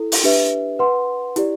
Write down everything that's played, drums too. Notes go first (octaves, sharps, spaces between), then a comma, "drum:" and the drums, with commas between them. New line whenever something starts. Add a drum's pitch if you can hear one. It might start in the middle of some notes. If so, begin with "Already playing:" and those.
Already playing: E4 A4
drum: open hi-hat
D4 G4 B4 E5
B4 F#5 C6
E4 G4 D5, drum: hi-hat